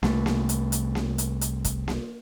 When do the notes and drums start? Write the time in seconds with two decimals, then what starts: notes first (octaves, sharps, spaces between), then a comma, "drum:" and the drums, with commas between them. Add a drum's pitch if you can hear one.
0.03 C2 A3, drum: snare A#3
0.26 drum: snare A#3
0.49 drum: hi-hat
0.72 drum: hi-hat
0.95 drum: snare A#3
1.18 drum: hi-hat
1.41 drum: hi-hat
1.64 drum: kick, hi-hat
1.88 drum: snare A#3